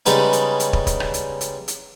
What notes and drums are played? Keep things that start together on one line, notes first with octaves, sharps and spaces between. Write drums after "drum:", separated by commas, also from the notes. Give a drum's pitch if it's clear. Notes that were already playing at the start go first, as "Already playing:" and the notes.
C#3 G3 G#3 B3 D#4, drum: hi-hat
drum: hi-hat
drum: hi-hat
drum: kick
drum: kick, hi-hat
drum: rim click
drum: hi-hat
drum: hi-hat
drum: hi-hat